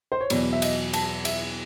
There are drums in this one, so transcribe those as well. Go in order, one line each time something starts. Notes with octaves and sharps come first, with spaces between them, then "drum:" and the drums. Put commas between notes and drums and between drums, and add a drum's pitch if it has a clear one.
C5
C#5
E2 B2 F#3 D5, drum: cymbal
E5
D#5, drum: cymbal
A5, drum: cymbal
E5, drum: cymbal